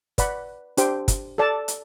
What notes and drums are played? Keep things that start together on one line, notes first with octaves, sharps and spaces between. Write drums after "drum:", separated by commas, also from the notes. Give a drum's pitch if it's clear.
B4 D5 F#5 B5, drum: kick, hi-hat
D4 G4 C5 G5, drum: hi-hat
drum: kick, hi-hat
A4 D5 A5
drum: hi-hat